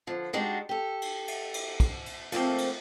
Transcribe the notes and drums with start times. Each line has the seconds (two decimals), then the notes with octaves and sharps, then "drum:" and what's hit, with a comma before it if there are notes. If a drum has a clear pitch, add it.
0.07 D3 F3
0.33 G3 G#3 D4 D#4 F#4
0.69 G4 A4
1.02 drum: cymbal
1.28 drum: cymbal
1.54 drum: cymbal
1.80 drum: kick, cymbal
2.06 drum: cymbal
2.32 F3 A3 A#3 C4, drum: cymbal
2.58 drum: cymbal